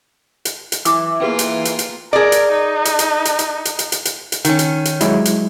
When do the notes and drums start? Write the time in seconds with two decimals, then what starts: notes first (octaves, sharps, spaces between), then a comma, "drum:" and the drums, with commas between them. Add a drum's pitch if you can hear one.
0.45 drum: hi-hat
0.72 drum: hi-hat
0.85 E3 D6 E6, drum: hi-hat
1.20 A#3 F4 G#4 B4 G5
1.39 drum: hi-hat
1.65 drum: hi-hat
1.79 drum: hi-hat
2.13 G#4 A#4 D5
2.32 drum: hi-hat
2.52 D#4
2.85 drum: hi-hat
2.99 drum: hi-hat
3.25 drum: hi-hat
3.39 drum: hi-hat
3.65 drum: hi-hat
3.79 drum: hi-hat
3.92 drum: hi-hat
4.05 drum: hi-hat
4.32 drum: hi-hat
4.45 D#3 C#4, drum: hi-hat
4.59 drum: hi-hat
4.85 drum: hi-hat
5.01 F#3 G#3 E4, drum: hi-hat
5.25 drum: hi-hat